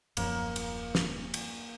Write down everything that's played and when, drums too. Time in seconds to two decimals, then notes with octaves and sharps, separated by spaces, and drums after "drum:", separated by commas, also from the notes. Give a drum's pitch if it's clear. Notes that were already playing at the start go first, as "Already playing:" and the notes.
0.17 D#1 F#2 F3 A#3, drum: cymbal
0.56 drum: cymbal
0.95 drum: snare
1.34 drum: cymbal